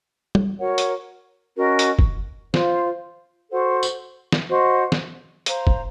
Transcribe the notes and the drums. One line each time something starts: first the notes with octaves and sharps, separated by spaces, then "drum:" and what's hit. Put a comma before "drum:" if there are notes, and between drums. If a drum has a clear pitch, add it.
drum: tom
F#4 A#4 C#5 F#5
drum: hi-hat
C#4 F#4 A#4 D#5
drum: hi-hat
drum: kick
F4 C5 F5, drum: snare
F#4 A4 C5 F#5
drum: tambourine
drum: snare
F#4 C5 D#5 F#5
drum: snare
C5 F5 A#5, drum: hi-hat
drum: kick